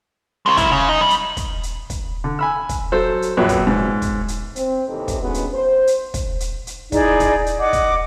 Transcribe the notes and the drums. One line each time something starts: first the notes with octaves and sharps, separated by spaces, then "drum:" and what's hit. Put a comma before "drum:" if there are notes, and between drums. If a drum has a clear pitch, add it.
C#3 G#3
G3 E4, drum: kick, hi-hat
C#3
D#4
G3
drum: hi-hat
drum: kick, hi-hat
drum: hi-hat
drum: kick, hi-hat
D3
G#5 B5 E6
drum: kick, hi-hat
F#3 A4 C5
drum: hi-hat
A#1 F#2 A#2 F#3 B4 C#5
drum: kick, hi-hat
G#2
drum: kick, hi-hat
drum: hi-hat
C4, drum: hi-hat
D#2 A2 C3 E3 D#4 A4
drum: kick, hi-hat
G2 G#3 B3 C#4 D#4 F#4
drum: hi-hat
C5
drum: hi-hat
drum: kick, hi-hat
drum: hi-hat
drum: hi-hat
D#4 E4 G#4 D5, drum: kick, hi-hat
drum: kick, hi-hat
drum: hi-hat
D#5 F#5 D6
drum: kick, hi-hat